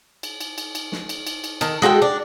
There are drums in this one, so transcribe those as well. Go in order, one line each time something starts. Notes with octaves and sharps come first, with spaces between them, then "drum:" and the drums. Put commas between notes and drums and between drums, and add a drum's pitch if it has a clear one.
drum: cymbal
drum: cymbal
drum: cymbal
drum: cymbal
drum: snare
drum: cymbal
drum: cymbal
drum: cymbal
D#3 A4, drum: cymbal
G#3 F#4 A4 G5
D4